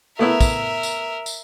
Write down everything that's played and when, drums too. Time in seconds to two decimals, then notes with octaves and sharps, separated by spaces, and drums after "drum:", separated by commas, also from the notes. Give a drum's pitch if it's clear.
0.19 A3 B3 E4 A#4 E5
0.41 drum: kick, tambourine
0.83 drum: tambourine
1.26 drum: tambourine